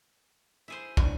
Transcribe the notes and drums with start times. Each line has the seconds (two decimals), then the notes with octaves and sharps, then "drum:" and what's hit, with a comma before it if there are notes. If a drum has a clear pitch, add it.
0.68 E4 G#4 C5
0.97 E3 C#4 D4 G#5, drum: kick